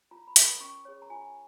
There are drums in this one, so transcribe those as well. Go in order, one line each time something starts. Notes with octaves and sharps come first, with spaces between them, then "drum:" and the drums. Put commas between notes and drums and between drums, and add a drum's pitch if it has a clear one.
F4 A#5
B5
A#4 C#5, drum: hi-hat
D#6
C#4 C#6
G#4 C#5
A#5
F4 G#5